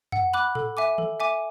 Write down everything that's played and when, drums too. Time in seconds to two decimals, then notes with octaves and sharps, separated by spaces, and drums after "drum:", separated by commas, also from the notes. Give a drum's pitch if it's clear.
0.12 F#5, drum: tom F2
0.33 B5 D6 F#6
0.55 A4, drum: tom A2
0.77 E5 G#5 D6
0.98 A4, drum: tom D#3
1.20 E5 G#5 D6